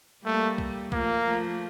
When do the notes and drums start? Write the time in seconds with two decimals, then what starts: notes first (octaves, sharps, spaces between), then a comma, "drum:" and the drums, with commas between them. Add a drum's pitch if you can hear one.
0.24 G3 A3 A#3
0.58 drum: kick
0.92 F3 A3 A#3, drum: kick
1.25 F3 A3